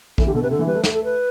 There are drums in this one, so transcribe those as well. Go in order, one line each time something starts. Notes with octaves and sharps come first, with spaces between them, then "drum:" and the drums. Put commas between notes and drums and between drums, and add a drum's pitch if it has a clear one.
E3 A4, drum: kick A#1
D3 G4
B2 A4
C3 B4
D3 A4
E3
G3 B4
A3
A4, drum: snare
A4
B4